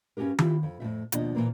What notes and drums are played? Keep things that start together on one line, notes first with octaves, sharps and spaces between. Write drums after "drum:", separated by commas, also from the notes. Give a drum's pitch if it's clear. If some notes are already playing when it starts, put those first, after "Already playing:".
G2 C#4 F#4 G4 A#4
C4 E4 F4 G4, drum: tom D#3
F2
F2 A2 C#3 E5
D#2 B2 F3 D4 D#5, drum: hi-hat
A#2 E3 A#3 C4